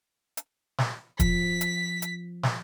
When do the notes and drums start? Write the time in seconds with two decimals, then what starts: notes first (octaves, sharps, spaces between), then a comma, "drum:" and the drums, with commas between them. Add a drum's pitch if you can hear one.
0.37 drum: hi-hat
0.78 drum: snare
1.20 F3 B6, drum: kick, hi-hat
1.61 drum: hi-hat
2.02 drum: hi-hat
2.43 drum: snare